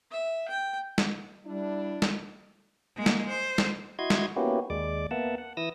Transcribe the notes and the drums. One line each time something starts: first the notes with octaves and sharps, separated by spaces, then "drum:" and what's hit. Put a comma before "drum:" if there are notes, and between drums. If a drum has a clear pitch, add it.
E5
G5
drum: snare
G3 D4 E4
drum: snare
G#3 A#3
drum: snare
C5
drum: snare
E4 F#4 D#5 C6 G#6
drum: snare
A#3 B3 C#4 E4 F#4 G4
D#2 G#3 D5 D6
A#3 B3 E5 F#5 A5
F#5
E3 E4 D#6 E6 A#6